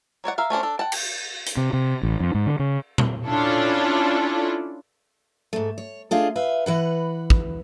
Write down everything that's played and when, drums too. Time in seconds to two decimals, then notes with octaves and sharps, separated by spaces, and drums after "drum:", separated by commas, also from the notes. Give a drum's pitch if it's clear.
0.24 F#3 C#5 D5 F#5
0.38 A#4 E5 F5
0.50 A3 C#4 D4 C5
0.63 D4 A4
0.79 F#5 G5 A5
0.92 drum: cymbal
1.46 drum: hi-hat
1.57 C3
1.73 C3
2.03 A1
2.20 F2
2.35 G#2
2.46 D3
2.59 C#3
2.98 drum: tom A#2
3.27 C#4 D4 E4 F4 A4 D5
5.53 G#2 A3
5.78 C#5
6.11 A3 D4 F4 G#4 D#5
6.36 F4 B4 E5
6.66 E3 B4 F#5
7.30 drum: kick